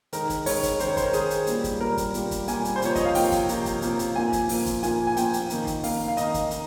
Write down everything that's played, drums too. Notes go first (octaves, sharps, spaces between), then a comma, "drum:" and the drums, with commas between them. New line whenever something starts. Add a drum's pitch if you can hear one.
D#3 G#3 D#4 A#4, drum: hi-hat
drum: kick, hi-hat
D#3 G#3 D#4 C#5, drum: open hi-hat
drum: kick, hi-hat
D#3 G#3 D#4 C5, drum: hi-hat
C#5
C5, drum: kick, hi-hat
A#4
D#3 G#3 D#4 G#4, drum: hi-hat
drum: hi-hat
A#2 G3 A#3, drum: hi-hat
drum: kick, hi-hat
A#2 G3 A#3 A#4
drum: kick, hi-hat
A#2 G3 A#3, drum: hi-hat
drum: kick, hi-hat
A#2 G3 A#3 G#5, drum: hi-hat
drum: hi-hat
C5
C3 F3 A#3 C#5, drum: hi-hat
D#5, drum: kick, hi-hat
F5
C3 F3 A#3 G5, drum: open hi-hat
drum: kick, hi-hat
C3 F3 A#3, drum: hi-hat
drum: kick, hi-hat
C3 F3 A#3, drum: hi-hat
drum: hi-hat
A#2 F3 A#3 G#5
drum: kick, hi-hat
A#2 F3 A#3, drum: open hi-hat
drum: kick, hi-hat
A#2 F3 A#3 G#5, drum: hi-hat
G#5
A#2 F3 A#3 G5, drum: hi-hat
drum: hi-hat
D#3 A#3 D#4, drum: hi-hat
drum: kick, hi-hat
D#3 A#3 D#4 F5, drum: open hi-hat
F5
D#3 A#3 D#4 D#5, drum: hi-hat
drum: kick, hi-hat
D#4, drum: hi-hat